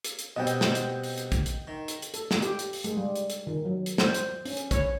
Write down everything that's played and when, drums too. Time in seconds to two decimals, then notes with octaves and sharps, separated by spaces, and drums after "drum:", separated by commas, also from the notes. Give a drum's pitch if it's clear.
0.05 drum: hi-hat
0.19 drum: hi-hat
0.36 B2 G3 C4 D#5 F#5 G5
0.47 drum: hi-hat
0.61 drum: snare
0.75 drum: hi-hat
1.03 drum: open hi-hat
1.18 drum: hi-hat
1.32 drum: kick, hi-hat
1.46 drum: hi-hat
1.68 D#3
1.88 drum: hi-hat
2.02 drum: hi-hat
2.14 A4, drum: hi-hat
2.31 drum: snare
2.42 G4, drum: hi-hat
2.59 drum: hi-hat
2.73 drum: open hi-hat
2.84 G#3, drum: hi-hat
2.97 G3
3.16 drum: hi-hat
3.30 drum: hi-hat
3.47 D#3
3.65 F#3
3.86 drum: hi-hat
3.98 C5, drum: snare
4.14 drum: hi-hat
4.45 C#4, drum: open hi-hat
4.57 drum: hi-hat
4.71 C#5, drum: kick, hi-hat